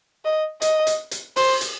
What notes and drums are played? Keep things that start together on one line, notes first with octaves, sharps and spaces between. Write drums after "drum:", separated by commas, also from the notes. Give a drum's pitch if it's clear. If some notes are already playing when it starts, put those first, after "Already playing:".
D#5
D#5, drum: hi-hat
drum: hi-hat
drum: hi-hat
C5, drum: open hi-hat
drum: hi-hat